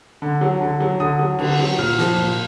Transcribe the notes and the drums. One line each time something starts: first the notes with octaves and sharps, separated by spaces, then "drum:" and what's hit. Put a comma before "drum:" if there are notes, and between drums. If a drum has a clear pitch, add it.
D3
F#3
D3
F#3
D3 D#6
F#3
D3, drum: cymbal
F#3
A#2 F6
F3, drum: snare
A#2